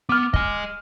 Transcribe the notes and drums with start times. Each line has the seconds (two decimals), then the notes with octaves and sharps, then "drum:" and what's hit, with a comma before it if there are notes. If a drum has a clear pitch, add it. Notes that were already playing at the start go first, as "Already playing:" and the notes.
0.09 B3 D6 F6
0.34 D#5 G#5, drum: kick